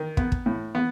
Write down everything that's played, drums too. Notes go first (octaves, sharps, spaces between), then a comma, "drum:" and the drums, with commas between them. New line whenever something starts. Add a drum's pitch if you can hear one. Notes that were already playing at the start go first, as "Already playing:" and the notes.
Already playing: D#3
B3, drum: kick
drum: kick
A2
B3